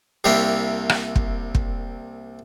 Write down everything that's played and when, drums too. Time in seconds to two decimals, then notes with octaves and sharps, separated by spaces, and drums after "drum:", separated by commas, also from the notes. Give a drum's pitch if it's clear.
0.24 C2 C3 G3 A#3 C#5 E5
0.89 drum: rim click
1.16 drum: kick
1.55 drum: kick